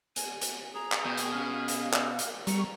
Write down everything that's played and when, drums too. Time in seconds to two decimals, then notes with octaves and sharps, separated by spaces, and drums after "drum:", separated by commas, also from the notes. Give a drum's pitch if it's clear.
0.16 G#5, drum: hi-hat
0.41 drum: hi-hat
0.74 G#4 A#5
0.92 drum: clap
1.06 B2 G5
1.17 drum: hi-hat
1.32 C#4 F5
1.68 drum: hi-hat
1.93 drum: clap
2.19 drum: hi-hat
2.47 G3 A#5 C#6, drum: hi-hat